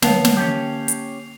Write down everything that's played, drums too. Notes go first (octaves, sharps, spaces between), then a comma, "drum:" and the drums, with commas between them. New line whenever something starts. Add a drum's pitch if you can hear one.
D3 A#3 B3 C#5 F5 A5 C7 F7, drum: snare
drum: snare
C#4 G4
drum: hi-hat